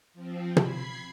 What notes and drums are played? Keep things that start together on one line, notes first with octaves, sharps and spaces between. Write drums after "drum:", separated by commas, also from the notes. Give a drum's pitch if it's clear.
F3 C4
B5 G#6 C7, drum: tom